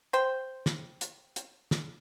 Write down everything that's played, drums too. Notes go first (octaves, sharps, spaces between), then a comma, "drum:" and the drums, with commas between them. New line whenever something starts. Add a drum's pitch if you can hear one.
C5 G5
drum: snare
drum: hi-hat
drum: hi-hat
drum: snare